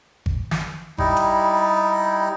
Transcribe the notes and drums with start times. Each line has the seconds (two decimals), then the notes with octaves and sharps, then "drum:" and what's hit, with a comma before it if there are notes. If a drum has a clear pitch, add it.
0.26 drum: kick G#1
0.51 drum: snare
0.98 G3 D#4 E4, drum: kick G#1
1.16 drum: hi-hat